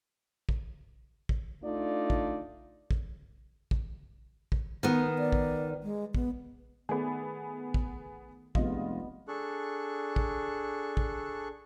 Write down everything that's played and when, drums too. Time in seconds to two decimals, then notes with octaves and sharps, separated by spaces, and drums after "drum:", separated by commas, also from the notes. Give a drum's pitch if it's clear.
0.49 drum: kick
1.29 drum: kick
1.63 A3 D4 D#4 F4 D5
2.10 drum: kick
2.91 drum: kick
3.71 drum: kick
4.52 drum: kick
4.83 D#3 B3
5.19 D5
5.32 drum: kick
5.83 G#3
6.14 B3, drum: kick
6.89 D#3 A3 B3 G#4 D5
7.74 drum: kick
8.55 F1 G3 G#3 B3 F4 D#5, drum: kick
9.28 D4 G#4 A4 C#6 F#6
10.16 drum: kick
10.97 drum: kick